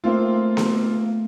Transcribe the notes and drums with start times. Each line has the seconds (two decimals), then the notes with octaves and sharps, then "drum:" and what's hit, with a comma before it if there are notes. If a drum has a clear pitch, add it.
0.04 A3 A#3 C4 F4
0.57 drum: snare B3